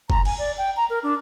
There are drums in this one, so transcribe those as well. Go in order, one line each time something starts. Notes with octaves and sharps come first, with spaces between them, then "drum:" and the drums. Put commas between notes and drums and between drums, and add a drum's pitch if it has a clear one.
A#5, drum: kick F1
G#5, drum: cymbal
D5
G5
A#5
A#4
D4